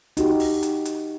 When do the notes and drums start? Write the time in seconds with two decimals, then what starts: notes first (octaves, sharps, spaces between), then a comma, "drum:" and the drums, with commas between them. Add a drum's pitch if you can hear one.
0.17 D#4 F#4 G4, drum: hi-hat
0.40 drum: open hi-hat
0.63 drum: hi-hat
0.85 drum: hi-hat